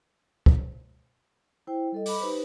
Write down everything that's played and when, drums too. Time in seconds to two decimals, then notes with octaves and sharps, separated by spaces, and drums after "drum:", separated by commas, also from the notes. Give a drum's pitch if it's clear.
0.46 drum: kick
1.67 E4 C5 G5
1.92 G3 A4 D#5
2.06 B5 D6, drum: open hi-hat
2.20 D#4 G4 B4 C5